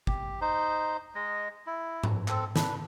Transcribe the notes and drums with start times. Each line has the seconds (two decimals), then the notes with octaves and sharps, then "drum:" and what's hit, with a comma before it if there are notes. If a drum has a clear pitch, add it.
0.07 G4, drum: kick
0.41 D#4 C5
1.15 G#3 D#5
1.67 E4
2.03 drum: tom G#2
2.28 C4 A4, drum: clap
2.56 D4 B4, drum: snare